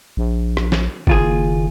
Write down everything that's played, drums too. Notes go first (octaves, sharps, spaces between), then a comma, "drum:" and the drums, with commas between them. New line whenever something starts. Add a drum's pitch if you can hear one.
A#1
drum: rim click
drum: snare
F#1 D#2 F4 G#4, drum: kick G#1